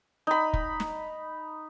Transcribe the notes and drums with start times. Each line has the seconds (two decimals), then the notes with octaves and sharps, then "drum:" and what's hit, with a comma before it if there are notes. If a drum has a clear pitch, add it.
0.27 D#4 B5
0.53 drum: kick
0.80 drum: snare